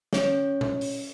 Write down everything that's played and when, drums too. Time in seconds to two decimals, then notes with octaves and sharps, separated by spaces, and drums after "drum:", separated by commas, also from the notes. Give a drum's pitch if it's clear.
0.13 C#4 C#5, drum: snare
0.61 drum: tom A#2
0.81 drum: open hi-hat